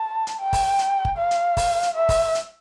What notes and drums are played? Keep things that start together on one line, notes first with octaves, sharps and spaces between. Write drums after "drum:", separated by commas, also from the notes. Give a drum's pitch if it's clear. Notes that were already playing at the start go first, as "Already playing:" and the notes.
Already playing: A5
drum: hi-hat
G5
drum: kick G1, open hi-hat
drum: hi-hat
drum: kick G1
F5
drum: hi-hat
drum: kick G1, open hi-hat
drum: hi-hat
E5
drum: kick G1, open hi-hat
drum: hi-hat